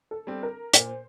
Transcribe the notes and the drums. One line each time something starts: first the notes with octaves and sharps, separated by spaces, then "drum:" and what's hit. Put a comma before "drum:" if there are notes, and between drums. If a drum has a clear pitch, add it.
A4
G3 C4
A#4
A#2 C5, drum: hi-hat